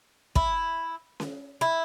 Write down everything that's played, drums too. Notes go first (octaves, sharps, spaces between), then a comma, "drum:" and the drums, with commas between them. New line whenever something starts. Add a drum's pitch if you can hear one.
E4, drum: kick
drum: snare C#4
E4